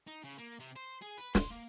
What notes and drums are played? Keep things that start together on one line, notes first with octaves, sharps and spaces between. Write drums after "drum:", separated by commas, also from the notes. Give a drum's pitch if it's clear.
D#4
C#3
A#3
C3
C5
G#4
B4
C6, drum: snare
A#3